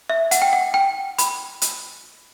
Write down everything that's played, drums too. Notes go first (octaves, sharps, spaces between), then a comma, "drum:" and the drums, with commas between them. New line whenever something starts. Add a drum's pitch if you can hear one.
E5
F#5, drum: hi-hat
G5
F#5
G5
B5, drum: hi-hat
drum: hi-hat